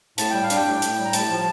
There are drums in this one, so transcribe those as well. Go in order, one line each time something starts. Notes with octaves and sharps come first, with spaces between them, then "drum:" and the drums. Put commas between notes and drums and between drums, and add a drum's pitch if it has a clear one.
A2 A5, drum: hi-hat
G3 G5
F5
D4, drum: hi-hat
G5
A2
A2, drum: hi-hat
G3
A#5
A2 A5, drum: hi-hat
F3